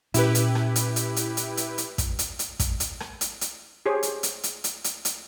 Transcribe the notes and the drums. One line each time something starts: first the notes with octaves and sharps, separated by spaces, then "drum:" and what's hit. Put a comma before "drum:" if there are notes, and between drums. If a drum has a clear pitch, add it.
A#2 C#4 E4 G4 B4, drum: hi-hat
drum: hi-hat
drum: rim click
drum: hi-hat
drum: hi-hat
drum: hi-hat
drum: hi-hat
drum: hi-hat
drum: hi-hat
drum: kick, hi-hat
drum: hi-hat
drum: hi-hat
drum: kick, hi-hat
drum: hi-hat
drum: rim click
drum: hi-hat
drum: hi-hat
G4 G#4 C5 C#5
drum: hi-hat
drum: hi-hat
drum: hi-hat
drum: hi-hat
drum: hi-hat
drum: hi-hat